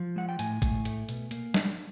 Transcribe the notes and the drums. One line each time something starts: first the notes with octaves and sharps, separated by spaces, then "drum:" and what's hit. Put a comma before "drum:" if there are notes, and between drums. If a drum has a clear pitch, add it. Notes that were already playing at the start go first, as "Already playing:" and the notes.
Already playing: F3
G#3 F#5
G5
A2 G#5, drum: hi-hat
A2, drum: kick G#1, hi-hat
A3, drum: hi-hat
B2, drum: hi-hat
A#3, drum: hi-hat
G3, drum: snare